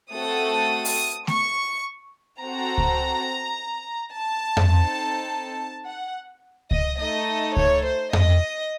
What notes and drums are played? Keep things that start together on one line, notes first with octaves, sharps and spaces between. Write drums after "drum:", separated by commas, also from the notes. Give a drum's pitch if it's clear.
A3 C4 F#4 A4 D#6
drum: open hi-hat
C#6, drum: snare A3
C4 F#4 A4 A#5
drum: kick C#2
A5
drum: tom F2
C4 D#4 A4
F#5
D#5, drum: kick C#2
A3 D#4 A4 D#5
C#5, drum: kick C#2
C5
D#5, drum: tom F2